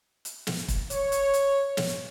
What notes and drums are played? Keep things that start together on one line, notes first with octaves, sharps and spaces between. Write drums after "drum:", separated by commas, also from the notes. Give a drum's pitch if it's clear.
drum: hi-hat
drum: snare
drum: kick, hi-hat
C#5, drum: hi-hat
drum: hi-hat
drum: hi-hat
drum: snare